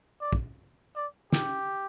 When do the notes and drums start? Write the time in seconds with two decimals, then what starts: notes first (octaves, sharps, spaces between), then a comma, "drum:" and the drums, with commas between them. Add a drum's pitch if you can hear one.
0.21 D5
0.33 drum: kick
0.96 D5
1.33 G4, drum: snare